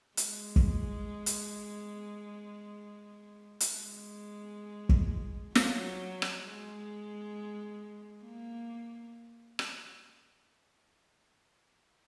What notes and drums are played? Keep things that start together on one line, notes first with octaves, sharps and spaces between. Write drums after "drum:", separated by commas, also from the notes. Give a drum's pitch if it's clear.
G#3, drum: hi-hat
drum: kick
drum: hi-hat
drum: hi-hat
G#3
drum: kick
F#3, drum: snare
drum: rim click
G#3
A#3
drum: rim click